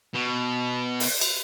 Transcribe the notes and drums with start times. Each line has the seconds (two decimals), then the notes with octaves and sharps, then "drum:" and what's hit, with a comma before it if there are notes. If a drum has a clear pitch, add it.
0.14 B2
1.00 drum: open hi-hat
1.21 drum: cymbal